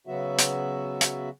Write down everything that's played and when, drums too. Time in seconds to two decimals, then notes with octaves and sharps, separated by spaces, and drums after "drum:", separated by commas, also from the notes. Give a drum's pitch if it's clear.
0.07 C#3 F#3 B3 F#4 E5
0.38 drum: hi-hat
1.01 drum: hi-hat